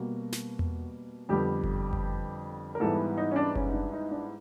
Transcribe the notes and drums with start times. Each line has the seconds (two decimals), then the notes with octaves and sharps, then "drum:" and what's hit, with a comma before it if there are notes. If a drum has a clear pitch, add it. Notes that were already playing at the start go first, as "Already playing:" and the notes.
Already playing: B2 G3 A#3 F#4
0.32 drum: snare
0.59 drum: tom E2
1.29 F2 D3 G3 B3 G4
1.64 drum: kick F#1
1.93 drum: kick F#1
2.75 A#4
2.80 G#2 E3 G3 B3 A4
3.18 D#4
3.32 C#4
3.36 D4
3.55 C#4, drum: kick F#1
3.69 D#4
3.74 D4
3.93 D#4
4.11 D4